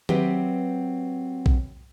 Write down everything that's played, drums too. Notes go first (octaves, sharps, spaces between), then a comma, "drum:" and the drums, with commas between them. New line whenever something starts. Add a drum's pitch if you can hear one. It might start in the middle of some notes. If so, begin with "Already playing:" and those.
F#3 C4 G4 B4 E5, drum: tom D#3
drum: kick A#1